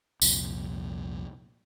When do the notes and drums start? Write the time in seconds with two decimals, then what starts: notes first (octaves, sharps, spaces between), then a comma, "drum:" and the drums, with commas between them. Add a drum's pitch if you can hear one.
0.22 C2 F2 A#2, drum: tambourine